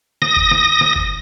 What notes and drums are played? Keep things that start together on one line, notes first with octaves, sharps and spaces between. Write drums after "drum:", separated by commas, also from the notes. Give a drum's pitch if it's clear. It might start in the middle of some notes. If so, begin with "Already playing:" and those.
D#6 A#6, drum: snare
drum: kick F#1
drum: snare
drum: snare
drum: kick F#1